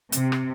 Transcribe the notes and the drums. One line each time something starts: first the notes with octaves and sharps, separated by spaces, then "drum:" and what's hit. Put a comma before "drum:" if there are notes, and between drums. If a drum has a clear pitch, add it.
C3, drum: hi-hat
drum: rim click